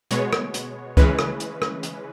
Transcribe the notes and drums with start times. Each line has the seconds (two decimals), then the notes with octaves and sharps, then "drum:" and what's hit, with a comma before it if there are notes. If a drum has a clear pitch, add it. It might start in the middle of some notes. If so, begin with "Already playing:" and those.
0.11 B2 G#3 B3 C#5, drum: hi-hat
0.33 drum: rim click
0.54 drum: hi-hat
0.97 C#3 E3 G#3 C#4 B4, drum: kick
1.19 drum: rim click
1.40 drum: hi-hat
1.62 drum: rim click
1.83 drum: hi-hat